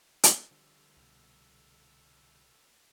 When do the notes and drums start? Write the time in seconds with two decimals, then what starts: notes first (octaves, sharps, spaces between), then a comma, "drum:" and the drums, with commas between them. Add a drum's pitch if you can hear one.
0.23 drum: hi-hat
0.51 D3 F3 G3 A4 F6
0.97 C2 B2